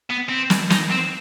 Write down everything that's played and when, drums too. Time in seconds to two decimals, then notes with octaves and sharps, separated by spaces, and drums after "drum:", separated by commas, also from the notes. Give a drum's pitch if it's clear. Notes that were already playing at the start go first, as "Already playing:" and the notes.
0.10 B3
0.29 C4
0.50 drum: snare
0.70 D#4, drum: snare
0.90 C4